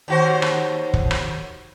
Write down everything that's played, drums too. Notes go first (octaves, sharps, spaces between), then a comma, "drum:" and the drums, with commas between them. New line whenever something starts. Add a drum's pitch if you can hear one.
D#2 F#4 C5
drum: rim click
drum: kick
drum: rim click